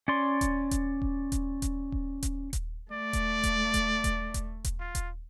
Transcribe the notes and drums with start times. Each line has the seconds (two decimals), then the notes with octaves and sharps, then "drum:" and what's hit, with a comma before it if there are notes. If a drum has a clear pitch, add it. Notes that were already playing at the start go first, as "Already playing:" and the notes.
0.08 C#4 D5 C6
0.41 drum: kick D#1, hi-hat
0.71 drum: kick D#1, hi-hat
1.02 drum: kick D#1
1.32 drum: kick D#1, hi-hat
1.62 drum: kick D#1, hi-hat
1.92 drum: kick D#1
2.23 drum: kick D#1, hi-hat
2.53 drum: kick D#1, hi-hat
2.92 A3 D5
3.13 drum: kick D#1, hi-hat
3.44 drum: kick D#1, hi-hat
3.74 drum: kick D#1, hi-hat
4.04 drum: kick D#1, hi-hat
4.34 drum: kick D#1, hi-hat
4.64 drum: kick D#1, hi-hat
4.80 F4
4.95 drum: kick D#1, hi-hat